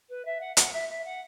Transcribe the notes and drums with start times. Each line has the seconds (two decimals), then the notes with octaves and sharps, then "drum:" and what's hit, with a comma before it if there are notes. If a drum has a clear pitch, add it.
0.09 B4
0.25 E5
0.40 F#5
0.57 F#5, drum: hi-hat
0.73 E5
0.89 E5
1.04 F#5